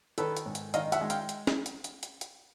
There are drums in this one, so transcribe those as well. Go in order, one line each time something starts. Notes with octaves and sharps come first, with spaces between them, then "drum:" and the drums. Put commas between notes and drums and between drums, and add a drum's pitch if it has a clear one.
D#3 A4 B4, drum: hi-hat
drum: hi-hat
G#2
drum: hi-hat
D#3 D#5 F5, drum: hi-hat
E5 F#5, drum: hi-hat
G#3
F5 G5, drum: hi-hat
drum: hi-hat
drum: snare
drum: hi-hat
drum: hi-hat
drum: hi-hat
drum: hi-hat